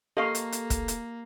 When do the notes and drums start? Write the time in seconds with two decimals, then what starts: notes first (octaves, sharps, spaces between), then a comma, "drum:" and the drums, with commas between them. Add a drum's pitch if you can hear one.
0.17 A#3 G4 A4 D#5 F5 C#6
0.35 drum: hi-hat
0.52 drum: hi-hat
0.70 drum: kick, hi-hat
0.88 drum: hi-hat